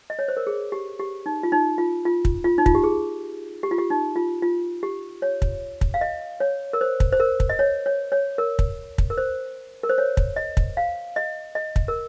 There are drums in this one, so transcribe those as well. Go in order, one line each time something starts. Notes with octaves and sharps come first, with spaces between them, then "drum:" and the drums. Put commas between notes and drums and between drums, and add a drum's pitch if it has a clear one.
D#5
C#5
C5
A#4
G#4
G4
G4
D#4
F4
D#4
F4
F4
drum: kick
F4
D#4
F4, drum: kick
G4
G#4
G4
F4
G4
D#4
F4
F4
G4
C#5
drum: kick
drum: kick
F5
D#5
C#5
A#4
C5
drum: kick
C5
A#4
drum: kick
D#5
C#5
C#5
C#5
A#4
drum: kick
drum: kick
A#4
C5
A#4
C5
C#5
drum: kick
D#5
drum: kick
F5
D#5
D#5
drum: kick
A#4